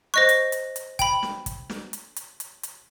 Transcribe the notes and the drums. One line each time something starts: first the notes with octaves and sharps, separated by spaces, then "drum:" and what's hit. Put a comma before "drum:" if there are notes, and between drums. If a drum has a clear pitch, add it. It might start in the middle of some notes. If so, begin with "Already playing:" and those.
C5 D#5 C#6 F#6 A#6
drum: hi-hat
drum: hi-hat
drum: hi-hat
G5 B5, drum: kick, hi-hat
drum: snare
drum: kick, hi-hat
drum: snare
drum: hi-hat
drum: hi-hat
drum: hi-hat
drum: hi-hat